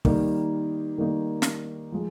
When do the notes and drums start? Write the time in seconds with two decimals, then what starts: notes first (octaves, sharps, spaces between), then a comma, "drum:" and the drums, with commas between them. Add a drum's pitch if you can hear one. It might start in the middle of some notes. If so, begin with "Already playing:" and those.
0.05 D#3 G3 A#3 D#4, drum: kick
0.98 D#3 G3 A#3 D#4
1.42 drum: snare
1.92 F3 G#3